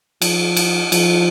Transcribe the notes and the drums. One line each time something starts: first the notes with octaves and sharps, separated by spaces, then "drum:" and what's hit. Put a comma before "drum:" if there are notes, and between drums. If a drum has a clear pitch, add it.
F3, drum: cymbal
drum: cymbal
F3, drum: cymbal